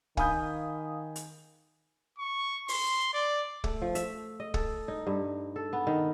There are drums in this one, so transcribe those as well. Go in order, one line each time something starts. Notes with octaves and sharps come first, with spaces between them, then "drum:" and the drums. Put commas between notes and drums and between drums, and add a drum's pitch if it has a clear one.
D#3 F5 G#5 B5 D#6 G6, drum: kick
drum: hi-hat
C#6
C6, drum: open hi-hat
D5
A3, drum: kick
F3
E5, drum: hi-hat
D#5
A4, drum: kick
D#4
G2
A4
B3
D#3